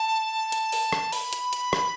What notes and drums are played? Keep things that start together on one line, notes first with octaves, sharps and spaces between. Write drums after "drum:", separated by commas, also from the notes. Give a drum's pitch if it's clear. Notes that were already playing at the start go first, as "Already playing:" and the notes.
Already playing: A5
drum: hi-hat
drum: open hi-hat
drum: rim click
B5, drum: open hi-hat
drum: hi-hat
drum: hi-hat
drum: rim click